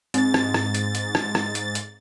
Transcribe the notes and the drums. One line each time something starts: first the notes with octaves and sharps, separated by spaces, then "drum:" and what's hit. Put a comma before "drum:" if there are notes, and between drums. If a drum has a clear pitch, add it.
G#2 C4 A6, drum: hi-hat
drum: rim click
drum: rim click
drum: hi-hat
drum: hi-hat
drum: rim click
drum: rim click
drum: hi-hat
drum: hi-hat